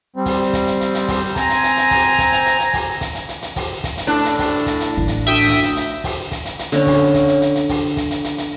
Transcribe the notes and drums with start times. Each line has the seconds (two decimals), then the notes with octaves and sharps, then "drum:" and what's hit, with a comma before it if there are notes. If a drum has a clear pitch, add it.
0.16 G3 C4
0.26 drum: kick, open hi-hat
0.53 drum: kick, hi-hat
0.67 drum: hi-hat
0.81 drum: hi-hat
0.95 drum: hi-hat
1.08 drum: kick, open hi-hat
1.36 C4 G#5 A#5, drum: kick, hi-hat
1.50 drum: hi-hat
1.63 drum: hi-hat
1.77 drum: hi-hat
1.91 drum: kick, open hi-hat
2.18 drum: kick, hi-hat
2.32 drum: hi-hat
2.46 drum: hi-hat
2.60 drum: hi-hat
2.74 drum: kick, open hi-hat
3.01 drum: kick, hi-hat
3.15 drum: hi-hat
3.29 drum: hi-hat
3.42 drum: hi-hat
3.56 drum: kick, open hi-hat
3.84 drum: kick, hi-hat
3.97 drum: hi-hat
4.07 A2 D4
4.25 drum: hi-hat
4.39 drum: kick, open hi-hat
4.66 drum: kick, hi-hat
4.80 drum: hi-hat
4.97 A1
5.08 drum: hi-hat
5.27 D2 E5 G5 D#6
5.49 drum: kick, hi-hat
5.63 drum: hi-hat
5.76 drum: hi-hat
6.04 drum: kick, open hi-hat
6.32 drum: kick, hi-hat
6.45 drum: hi-hat
6.59 drum: hi-hat
6.72 D3 C#4, drum: hi-hat
6.87 drum: kick, open hi-hat
7.14 drum: kick, hi-hat
7.28 drum: hi-hat
7.42 drum: hi-hat
7.55 drum: hi-hat
7.69 drum: kick, open hi-hat
7.97 drum: kick, hi-hat
8.11 drum: hi-hat
8.24 drum: hi-hat
8.38 drum: hi-hat